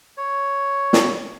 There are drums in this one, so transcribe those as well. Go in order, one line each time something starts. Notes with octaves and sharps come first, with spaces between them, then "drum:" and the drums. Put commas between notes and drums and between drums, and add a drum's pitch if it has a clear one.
C#5
drum: snare